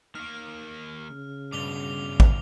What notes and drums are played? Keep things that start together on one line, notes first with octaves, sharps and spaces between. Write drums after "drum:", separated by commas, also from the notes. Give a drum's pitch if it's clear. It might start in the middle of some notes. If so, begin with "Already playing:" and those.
D#3 A#3 F6
C#3
G2 B2 D6 F7 G7
drum: kick